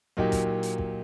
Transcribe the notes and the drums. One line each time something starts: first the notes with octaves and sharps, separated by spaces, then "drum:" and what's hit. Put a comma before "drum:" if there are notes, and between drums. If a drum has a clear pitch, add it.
A#2 F#3 A#3 D#4 G4, drum: kick
drum: kick, hi-hat
drum: hi-hat
drum: kick